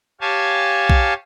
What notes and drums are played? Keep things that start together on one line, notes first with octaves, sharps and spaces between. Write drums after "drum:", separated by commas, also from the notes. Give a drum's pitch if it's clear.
G4 C#5 F5 G#5 A5
drum: kick B1